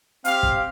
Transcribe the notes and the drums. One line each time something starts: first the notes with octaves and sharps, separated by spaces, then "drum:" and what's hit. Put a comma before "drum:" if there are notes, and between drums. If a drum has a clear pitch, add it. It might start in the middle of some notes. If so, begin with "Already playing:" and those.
C4 G4 F5, drum: hi-hat
drum: kick